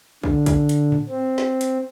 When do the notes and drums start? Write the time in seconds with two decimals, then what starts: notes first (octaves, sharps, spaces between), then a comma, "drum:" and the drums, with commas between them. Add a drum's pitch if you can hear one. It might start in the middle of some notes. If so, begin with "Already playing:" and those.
0.23 D3, drum: kick
0.46 drum: kick, hi-hat
0.69 drum: hi-hat
0.92 drum: tom A2
1.09 C4
1.38 drum: snare
1.61 drum: hi-hat